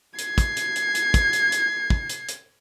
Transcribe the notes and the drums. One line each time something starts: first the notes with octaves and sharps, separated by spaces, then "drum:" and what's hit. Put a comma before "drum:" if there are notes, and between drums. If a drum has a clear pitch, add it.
G#6 C7, drum: hi-hat
drum: kick, hi-hat
drum: hi-hat
drum: hi-hat
drum: hi-hat
drum: kick, hi-hat
drum: hi-hat
drum: hi-hat
drum: kick
drum: hi-hat
drum: hi-hat